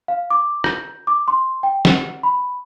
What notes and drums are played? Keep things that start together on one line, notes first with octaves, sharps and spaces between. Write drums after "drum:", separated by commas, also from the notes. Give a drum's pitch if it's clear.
F5
D6
G6, drum: rim click
D6
C6
G5
F#5, drum: snare
B5